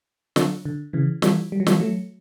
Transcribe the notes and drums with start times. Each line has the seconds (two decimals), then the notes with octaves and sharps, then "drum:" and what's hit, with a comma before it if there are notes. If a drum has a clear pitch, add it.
0.36 D3 F#3, drum: snare
0.65 D3
0.93 C#3 E3
1.22 E3 G3, drum: snare
1.52 G3
1.60 F#3
1.67 E3 G3, drum: snare
1.80 F#3 A3